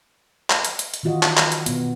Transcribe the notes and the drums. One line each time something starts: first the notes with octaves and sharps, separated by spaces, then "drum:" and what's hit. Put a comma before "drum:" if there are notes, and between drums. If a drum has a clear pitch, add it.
drum: clap
drum: hi-hat
drum: hi-hat
drum: hi-hat
D#3 E3 F4 F#4 D#5
drum: clap
drum: clap
drum: hi-hat
B2 B3, drum: hi-hat